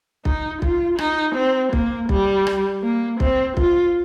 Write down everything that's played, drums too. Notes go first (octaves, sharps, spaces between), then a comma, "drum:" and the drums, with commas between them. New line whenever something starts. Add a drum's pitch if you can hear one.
D#4, drum: kick B1
F4, drum: kick B1
D#4, drum: rim click
C4
A#3, drum: kick B1
G3, drum: kick B1
drum: rim click
A#3
C4, drum: kick B1
F4, drum: kick B1